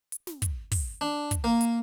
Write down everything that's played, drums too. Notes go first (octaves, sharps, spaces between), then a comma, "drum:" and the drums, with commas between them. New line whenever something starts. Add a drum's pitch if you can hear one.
drum: hi-hat
drum: snare
drum: kick, hi-hat
drum: kick, open hi-hat
D4
drum: kick, hi-hat
A#3
drum: hi-hat